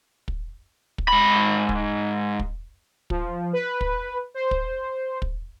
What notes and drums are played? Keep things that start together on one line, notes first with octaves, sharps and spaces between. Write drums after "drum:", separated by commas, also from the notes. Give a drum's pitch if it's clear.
drum: kick
drum: kick
G#2 B5
drum: kick
drum: kick
F3, drum: kick
B4
drum: kick
C5
drum: kick
drum: kick